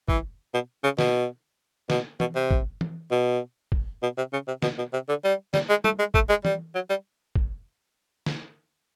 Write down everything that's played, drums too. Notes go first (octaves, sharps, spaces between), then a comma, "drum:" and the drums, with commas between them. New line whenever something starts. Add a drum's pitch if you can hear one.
E3, drum: kick
B2
C#3
B2, drum: snare
B2, drum: snare
B2, drum: tom
C3
drum: kick
drum: tom
B2
drum: kick
B2
C3
C#3
C3
B2, drum: snare
B2
C3
D3
G3
G3, drum: snare
G#3
A3, drum: tom
G#3
A3, drum: kick
G#3
G3, drum: tom
F#3
G3
drum: kick
drum: snare